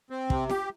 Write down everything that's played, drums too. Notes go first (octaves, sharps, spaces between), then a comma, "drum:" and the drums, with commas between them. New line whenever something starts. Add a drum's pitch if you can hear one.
C4
C3, drum: kick
G4, drum: snare